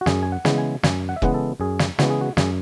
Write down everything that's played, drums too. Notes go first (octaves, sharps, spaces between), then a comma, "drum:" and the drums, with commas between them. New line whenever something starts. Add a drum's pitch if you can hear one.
F#4
F#2 G#4, drum: snare
G#5
F#5
C#3 E3 G#3 B3, drum: snare
G#5
F#2 G#5, drum: snare
F#5
E5
C#3 E3 G#3 B3 F#5, drum: kick
A4
F#2 G#4
drum: snare
C#3 E3 G#3 B3 F#4, drum: snare
G#4
F#4
F#2 G#4, drum: snare